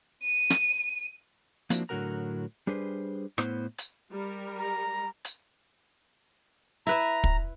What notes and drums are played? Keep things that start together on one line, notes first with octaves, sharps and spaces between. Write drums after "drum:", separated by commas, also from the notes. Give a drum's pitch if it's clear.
D#7
drum: snare
F3 A#3 C4 D4 E4 F#4, drum: hi-hat
A2 D3 F#3 F#4 A#4 A#5
G3 D4 G#4 B4 C5
A2 B3 E4 C5, drum: rim click
drum: hi-hat
G3 A#4
A#5
drum: hi-hat
E4 B4 E5 A#5
drum: kick